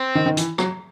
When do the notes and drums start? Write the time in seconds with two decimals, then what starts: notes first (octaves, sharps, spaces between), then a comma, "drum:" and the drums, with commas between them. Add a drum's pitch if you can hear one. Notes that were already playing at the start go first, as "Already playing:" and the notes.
Already playing: C4
0.15 D#3
0.26 D#3
0.37 E3, drum: hi-hat
0.58 F#3, drum: rim click